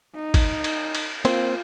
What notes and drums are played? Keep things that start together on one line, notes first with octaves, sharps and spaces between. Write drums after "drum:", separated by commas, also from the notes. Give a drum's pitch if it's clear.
D#4
drum: kick, cymbal
drum: cymbal
drum: cymbal
A#3 C4 F4 C5, drum: cymbal